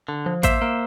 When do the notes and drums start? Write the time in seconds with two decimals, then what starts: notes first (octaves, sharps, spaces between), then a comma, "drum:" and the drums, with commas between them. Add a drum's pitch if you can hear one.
0.08 D3
0.26 F3
0.43 A#3 C5 E5, drum: kick A1, hi-hat
0.62 A#3